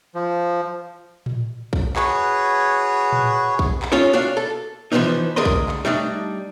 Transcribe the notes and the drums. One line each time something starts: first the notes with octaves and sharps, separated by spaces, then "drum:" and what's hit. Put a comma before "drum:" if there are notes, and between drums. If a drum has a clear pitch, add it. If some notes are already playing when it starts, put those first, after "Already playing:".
F3
drum: tom A2
drum: kick B1
F#4 G#4 B4 C#5, drum: clap
drum: tom A2
drum: kick B1
drum: clap
C#4 F4 G#4 A4 C#5
D4 F#4 C#5 F5
A4
E3 F3 G3 B3 C#4 D#4
D2 G#4 A#4 D5 D#5 C6
drum: kick B1
drum: clap
G3 A3 D4 D#4